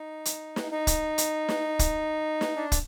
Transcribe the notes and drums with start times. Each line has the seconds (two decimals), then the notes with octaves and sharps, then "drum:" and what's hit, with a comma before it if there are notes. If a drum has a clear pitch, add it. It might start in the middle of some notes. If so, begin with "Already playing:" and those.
Already playing: D#4
0.25 drum: hi-hat
0.56 drum: snare
0.71 D#4
0.87 drum: kick, hi-hat
1.18 drum: hi-hat
1.49 drum: snare
1.79 drum: kick, hi-hat
2.41 drum: snare
2.56 D4
2.72 drum: kick, hi-hat